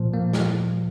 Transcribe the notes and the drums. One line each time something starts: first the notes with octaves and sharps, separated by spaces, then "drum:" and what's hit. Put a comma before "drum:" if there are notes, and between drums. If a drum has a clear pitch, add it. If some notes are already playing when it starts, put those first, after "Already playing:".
Already playing: A#2 F3
A#3
drum: snare